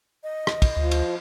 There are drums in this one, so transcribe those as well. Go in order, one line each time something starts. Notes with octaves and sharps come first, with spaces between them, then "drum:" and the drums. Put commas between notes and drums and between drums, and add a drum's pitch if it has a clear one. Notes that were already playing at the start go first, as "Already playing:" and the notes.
D#5
drum: rim click
drum: kick, cymbal
D2 F3
drum: cymbal